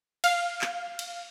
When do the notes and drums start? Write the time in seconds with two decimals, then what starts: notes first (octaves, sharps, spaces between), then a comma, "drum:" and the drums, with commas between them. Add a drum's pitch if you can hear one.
0.24 F5, drum: cymbal
0.61 drum: clap
0.99 drum: cymbal